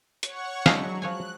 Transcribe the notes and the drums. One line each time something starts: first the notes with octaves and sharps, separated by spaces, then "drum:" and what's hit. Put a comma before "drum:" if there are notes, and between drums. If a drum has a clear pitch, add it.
C#5 F#5 C#6, drum: hi-hat
F#3 G#3 D4 E4 F5, drum: snare
F3 C#5 G#5 F#6